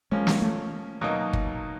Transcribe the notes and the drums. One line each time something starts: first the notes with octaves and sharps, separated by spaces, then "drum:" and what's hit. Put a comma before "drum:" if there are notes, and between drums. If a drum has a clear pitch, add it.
F3 G#3 A#3 C#4
drum: snare
A3
B2 F#3 A#3 D#4
drum: kick